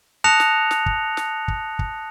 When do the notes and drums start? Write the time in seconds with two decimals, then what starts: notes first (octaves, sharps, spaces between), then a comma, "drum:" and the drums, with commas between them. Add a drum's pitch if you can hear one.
0.24 A5 D#6 F#6 A#6 C#7 F7
0.40 drum: snare
0.71 drum: snare
0.86 drum: kick
1.17 drum: snare
1.48 drum: kick
1.79 drum: kick